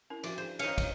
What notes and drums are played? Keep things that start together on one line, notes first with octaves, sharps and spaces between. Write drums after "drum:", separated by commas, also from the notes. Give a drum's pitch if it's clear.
C#4 E4 A#4
F3 F#4 D5 E5, drum: cymbal
G#4 C5
C#4 D#4 C5 C#5 F5 C#7 D#7, drum: cymbal
drum: kick, cymbal